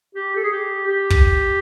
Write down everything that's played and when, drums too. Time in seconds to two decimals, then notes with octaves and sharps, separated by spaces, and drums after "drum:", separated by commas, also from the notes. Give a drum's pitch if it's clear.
0.15 G4
0.36 A4
0.43 G#4
0.52 G4
0.87 G4
1.10 drum: kick